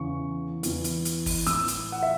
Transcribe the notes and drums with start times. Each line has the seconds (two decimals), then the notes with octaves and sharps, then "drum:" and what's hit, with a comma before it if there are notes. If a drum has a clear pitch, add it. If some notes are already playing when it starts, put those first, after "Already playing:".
Already playing: E2 C#3 E3 C#6
0.63 E2 E3, drum: hi-hat
0.84 drum: hi-hat
1.05 drum: hi-hat
1.26 drum: kick, open hi-hat
1.46 A2 E3 E6, drum: hi-hat
1.68 drum: hi-hat
1.92 F#5
2.03 E5